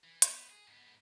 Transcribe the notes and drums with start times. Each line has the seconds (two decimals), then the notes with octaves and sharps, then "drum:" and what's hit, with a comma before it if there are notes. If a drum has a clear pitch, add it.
0.04 E3
0.22 B3, drum: hi-hat
0.50 G#4
0.68 G#2 B3